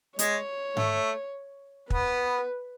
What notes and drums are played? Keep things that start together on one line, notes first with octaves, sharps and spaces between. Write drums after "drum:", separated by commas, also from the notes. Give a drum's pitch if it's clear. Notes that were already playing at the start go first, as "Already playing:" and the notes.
G#3 C#5, drum: hi-hat
A3, drum: tom G#2
B3 B4, drum: kick